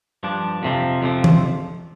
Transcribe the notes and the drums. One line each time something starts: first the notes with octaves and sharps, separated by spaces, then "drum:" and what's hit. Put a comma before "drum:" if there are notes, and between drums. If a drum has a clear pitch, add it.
G2 F3 D4
F2 C3 F3
F2 C3 F3
drum: tom E3